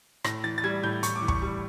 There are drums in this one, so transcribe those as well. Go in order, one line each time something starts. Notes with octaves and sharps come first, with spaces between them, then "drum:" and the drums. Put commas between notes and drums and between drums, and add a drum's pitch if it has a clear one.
A2 A#6, drum: rim click
E3 A6
A6
G3 G#6
A2 G6
A2 C#6, drum: hi-hat
D6
E3
C#6, drum: kick
G3